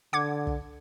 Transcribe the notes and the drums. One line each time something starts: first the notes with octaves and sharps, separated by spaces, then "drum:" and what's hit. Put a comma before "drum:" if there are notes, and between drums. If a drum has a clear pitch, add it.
D3 F#5 D6 G#6
drum: kick